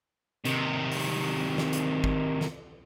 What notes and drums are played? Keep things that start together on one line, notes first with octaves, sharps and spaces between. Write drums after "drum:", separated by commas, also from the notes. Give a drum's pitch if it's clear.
C3 D#3, drum: hi-hat
drum: open hi-hat
drum: snare
drum: hi-hat
drum: kick
drum: snare